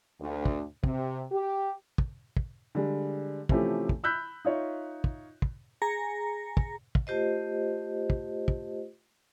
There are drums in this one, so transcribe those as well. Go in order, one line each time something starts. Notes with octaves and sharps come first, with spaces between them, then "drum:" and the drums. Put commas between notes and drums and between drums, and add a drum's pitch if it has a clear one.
D2
drum: kick
C3, drum: kick
G4
drum: kick
drum: kick
D3 G3 G#3
C3 E3 F3 A3 C#4 G4, drum: kick
drum: kick
B5 E6 F#6 G6 B6
D#4 F4 C#5 E5
drum: kick
drum: kick
G#4 G#5 A#5 A#6 C#7
drum: kick
drum: kick
A3 F4 G4 C5 D#5
drum: kick
drum: kick